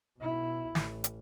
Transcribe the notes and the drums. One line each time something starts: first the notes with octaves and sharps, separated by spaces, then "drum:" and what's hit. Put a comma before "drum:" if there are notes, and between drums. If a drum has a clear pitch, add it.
B2 E4
A1, drum: snare
drum: hi-hat